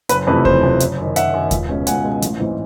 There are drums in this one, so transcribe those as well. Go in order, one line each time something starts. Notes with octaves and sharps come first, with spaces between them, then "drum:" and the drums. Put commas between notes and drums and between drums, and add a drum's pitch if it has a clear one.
F#1 B4, drum: hi-hat
F2 C3 E3 A3 B4
F#1 C5, drum: kick D#2
F2 C3 E3 A3
F#1, drum: hi-hat
F#2 D#3
F#1 E5 F#5, drum: hi-hat
F#2 D#3
C#2, drum: kick D#2, hi-hat
B2 G#3 C#4
C#2 F#5 G#5, drum: hi-hat
B2 G#3 C#4
A1, drum: hi-hat
G#2 E3 G#3 C4